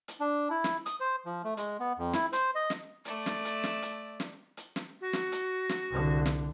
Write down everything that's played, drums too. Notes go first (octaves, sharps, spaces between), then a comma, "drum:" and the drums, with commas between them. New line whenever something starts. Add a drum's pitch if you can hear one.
drum: hi-hat
D4
E4
drum: snare
D#6, drum: hi-hat
C5
F3
A3
G#3, drum: hi-hat
B3
F2
E4, drum: snare
C5, drum: hi-hat
D#5
drum: snare
A3 D5, drum: hi-hat
drum: snare
drum: hi-hat
drum: snare
drum: hi-hat
drum: snare
drum: hi-hat
drum: snare
F#4
drum: snare
drum: hi-hat
drum: snare
C2 D3
drum: snare